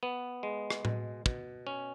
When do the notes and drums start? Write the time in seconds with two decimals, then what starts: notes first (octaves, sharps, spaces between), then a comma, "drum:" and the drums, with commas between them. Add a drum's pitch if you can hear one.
0.03 B3
0.43 G#3
0.70 drum: rim click
0.85 B2, drum: tom A2
1.26 B2, drum: kick
1.67 C#4